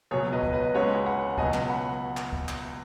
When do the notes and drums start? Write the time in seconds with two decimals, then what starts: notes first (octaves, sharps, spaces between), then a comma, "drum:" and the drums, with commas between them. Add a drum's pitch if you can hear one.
0.11 C#2 B2 F#3 G#4 C#5
0.32 B4 D#5
0.43 drum: kick
0.53 B4 D#5
0.74 C#2 C#3 G#3 C#5 F#5
1.06 F#5 B5
1.38 C#2 B2 F#3 D#5 G#5, drum: kick
1.54 drum: clap
1.69 F#5 B5
2.17 drum: clap
2.33 drum: kick
2.48 drum: clap